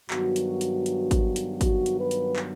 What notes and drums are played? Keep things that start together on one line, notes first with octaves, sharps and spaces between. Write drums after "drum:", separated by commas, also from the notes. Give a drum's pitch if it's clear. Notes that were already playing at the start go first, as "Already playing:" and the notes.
G2 D#3 F#3 B3 F#4, drum: clap
drum: hi-hat
drum: hi-hat
drum: hi-hat
drum: kick, hi-hat
drum: hi-hat
F#4, drum: kick, hi-hat
drum: hi-hat
B4
drum: hi-hat
drum: clap